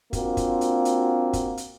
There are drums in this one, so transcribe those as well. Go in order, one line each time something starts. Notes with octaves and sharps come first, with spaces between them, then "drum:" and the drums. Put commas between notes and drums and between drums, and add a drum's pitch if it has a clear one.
A#3 C4 D4 F4 F#4, drum: kick, hi-hat
drum: kick, hi-hat
drum: hi-hat
drum: hi-hat
drum: kick, hi-hat
drum: hi-hat